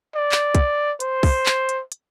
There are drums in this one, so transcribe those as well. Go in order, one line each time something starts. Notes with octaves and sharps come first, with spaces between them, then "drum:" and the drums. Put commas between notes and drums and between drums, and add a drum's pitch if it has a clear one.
D5
drum: clap
drum: kick, hi-hat
C5, drum: hi-hat
drum: kick, open hi-hat
drum: clap
drum: hi-hat
drum: hi-hat